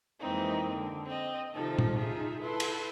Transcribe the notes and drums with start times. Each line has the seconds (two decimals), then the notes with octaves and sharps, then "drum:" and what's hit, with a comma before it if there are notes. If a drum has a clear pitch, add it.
0.19 F2 E3 G#3 A#3 C4 D#4
0.75 D3
1.05 C4 D#5
1.53 C3 D#3 F3 D#4 A4
1.79 drum: tom
1.97 D#4 F4 G#4 E5
2.41 E4 A4 B4 C6
2.60 drum: cymbal